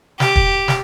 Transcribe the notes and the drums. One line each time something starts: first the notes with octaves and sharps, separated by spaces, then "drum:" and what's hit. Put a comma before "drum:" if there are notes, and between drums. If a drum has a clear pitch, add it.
G4, drum: snare
drum: kick
drum: snare